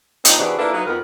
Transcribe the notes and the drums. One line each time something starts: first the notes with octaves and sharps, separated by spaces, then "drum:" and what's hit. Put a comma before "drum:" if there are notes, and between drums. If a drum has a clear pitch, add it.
A#2 C4 D4 D#4, drum: hi-hat
C3 E3 B3 D4 F#4 G#4
A#3 D4 E4 F4 A4 B4
F#3 D#4 B4
F2 B3 A#4